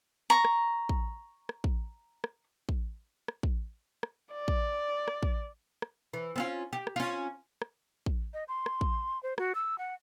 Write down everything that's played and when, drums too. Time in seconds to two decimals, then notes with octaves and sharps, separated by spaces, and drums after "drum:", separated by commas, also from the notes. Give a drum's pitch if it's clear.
0.30 A#5 C#6
0.45 drum: rim click
0.89 drum: kick
1.49 drum: rim click
1.64 drum: kick
2.24 drum: rim click
2.69 drum: kick
3.28 drum: rim click
3.43 drum: kick
4.03 drum: rim click
4.33 D5
4.48 drum: kick
5.08 drum: rim click
5.23 drum: kick
5.82 drum: rim click
6.13 E3
6.36 C4 C#4 F4
6.73 G4
6.87 drum: rim click
6.96 C#4 F4
7.62 drum: rim click
8.06 drum: kick
8.33 D#5
8.48 C6
8.66 drum: rim click
8.81 drum: kick
9.23 C5
9.38 F#4, drum: rim click
9.55 E6
9.78 F#5